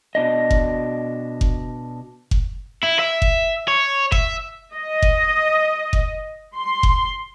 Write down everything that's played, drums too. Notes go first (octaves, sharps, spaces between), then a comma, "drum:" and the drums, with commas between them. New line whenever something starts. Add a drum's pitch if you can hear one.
B2 D4 D#5
drum: kick F#1
drum: kick F#1
drum: kick F#1
E4
E5
drum: kick F#1
C#5
E5, drum: kick F#1
D#5
drum: kick F#1
drum: kick F#1
C6
drum: kick F#1